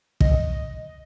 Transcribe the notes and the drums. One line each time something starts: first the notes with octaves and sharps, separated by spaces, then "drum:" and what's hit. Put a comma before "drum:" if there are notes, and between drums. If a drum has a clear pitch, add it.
D#5, drum: kick